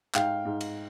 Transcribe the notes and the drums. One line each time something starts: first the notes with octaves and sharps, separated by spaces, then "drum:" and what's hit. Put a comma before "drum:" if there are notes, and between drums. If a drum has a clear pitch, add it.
G#2 F5 G5, drum: clap
G#2
drum: cymbal